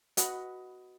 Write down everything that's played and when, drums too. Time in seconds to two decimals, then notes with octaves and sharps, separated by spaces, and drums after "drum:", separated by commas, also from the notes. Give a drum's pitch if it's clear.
0.17 F#4 B4 D#5 F#5, drum: hi-hat